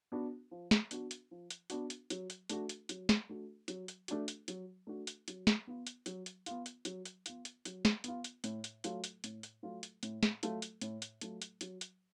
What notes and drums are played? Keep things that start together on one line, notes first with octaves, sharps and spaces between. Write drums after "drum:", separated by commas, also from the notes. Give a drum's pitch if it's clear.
B3 D4 F#4
F3
drum: snare
B3 D4 F#4, drum: hi-hat
drum: hi-hat
F3
drum: hi-hat
B3 D4 F#4, drum: hi-hat
drum: hi-hat
F#3, drum: hi-hat
drum: hi-hat
A3 D4 F#4, drum: hi-hat
drum: hi-hat
F#3, drum: hi-hat
drum: snare
A3 D4 F#4
F#3, drum: hi-hat
drum: hi-hat
A3 D4 F#4, drum: hi-hat
drum: hi-hat
F#3, drum: hi-hat
A3 D4 F#4
drum: hi-hat
F#3, drum: hi-hat
drum: snare
B3 F4
drum: hi-hat
F#3, drum: hi-hat
drum: hi-hat
B3 F4, drum: hi-hat
drum: hi-hat
F#3, drum: hi-hat
drum: hi-hat
B3 F4, drum: hi-hat
drum: hi-hat
F#3, drum: hi-hat
drum: snare
B3 F4, drum: hi-hat
drum: hi-hat
A2, drum: hi-hat
drum: hi-hat
F#3 A3 F4, drum: hi-hat
drum: hi-hat
A2, drum: hi-hat
drum: hi-hat
F#3 A3 F4
drum: hi-hat
A2, drum: hi-hat
drum: snare
F#3 A3 F4, drum: hi-hat
drum: hi-hat
A2, drum: hi-hat
drum: hi-hat
F#3 A3 F4, drum: hi-hat
drum: hi-hat
F#3, drum: hi-hat
drum: hi-hat